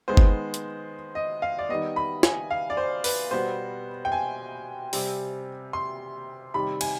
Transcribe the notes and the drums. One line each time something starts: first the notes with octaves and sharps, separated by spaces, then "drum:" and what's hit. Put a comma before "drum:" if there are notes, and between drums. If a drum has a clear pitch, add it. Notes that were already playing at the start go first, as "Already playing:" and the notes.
D#3 G#3 B3 C5
drum: kick G1
drum: hi-hat
D#5
F5
D5
D#3 G3 B3 D#5
B5
G#5, drum: snare
F5
D5
C5
B4, drum: open hi-hat
B2 G3 B3 C5
G5
G#5
C3 G3 C4, drum: open hi-hat
C6
C3 D#3 G3 B5
G#5, drum: cymbal